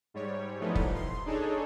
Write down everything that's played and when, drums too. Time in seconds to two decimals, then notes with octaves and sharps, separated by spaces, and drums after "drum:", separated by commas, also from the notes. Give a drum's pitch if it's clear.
0.14 G#2 G3 C#5
0.60 E3 F3 G3 A3 B3 D#4
0.75 drum: kick
0.95 C6
1.26 D4 D#4 G#4 A4 C#5